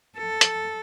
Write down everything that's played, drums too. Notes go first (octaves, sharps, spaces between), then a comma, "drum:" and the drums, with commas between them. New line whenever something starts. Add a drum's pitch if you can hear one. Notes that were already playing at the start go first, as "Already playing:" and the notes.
A4
drum: hi-hat